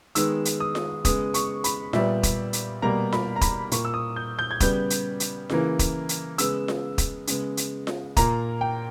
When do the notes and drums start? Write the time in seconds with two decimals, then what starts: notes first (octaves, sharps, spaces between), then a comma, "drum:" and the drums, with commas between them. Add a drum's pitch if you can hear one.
0.15 D#3 G#3 B3 E6, drum: hi-hat
0.45 drum: hi-hat
0.60 D#6
0.75 drum: snare F4
1.05 C#3 G#3 B3 D#6, drum: kick, hi-hat
1.34 C#6, drum: hi-hat
1.64 B5, drum: hi-hat
1.93 A#2 G3 B3 E5, drum: snare F4
2.23 drum: kick, hi-hat
2.53 drum: hi-hat
2.82 B2 G3 A#3 A#5
3.12 B5, drum: snare F4
3.36 A#5
3.41 B5, drum: kick, hi-hat
3.71 A#2 A#3 C#6, drum: hi-hat
3.85 E6
3.94 D#6
4.16 G6
4.39 G6
4.51 G#6
4.60 C#3 G3 B3 G6, drum: kick, hi-hat
4.90 drum: hi-hat
5.20 drum: hi-hat
5.50 C#3 E3 A#3, drum: snare F4
5.79 drum: kick, hi-hat
6.09 drum: hi-hat
6.38 C#3 G#3 B3 E6, drum: hi-hat
6.68 drum: snare F4
6.98 drum: kick, hi-hat
7.27 C#3 G#3 B3, drum: hi-hat
7.57 drum: hi-hat
7.87 drum: snare F4
8.17 A#2 A#3 A#5, drum: kick, hi-hat
8.61 G5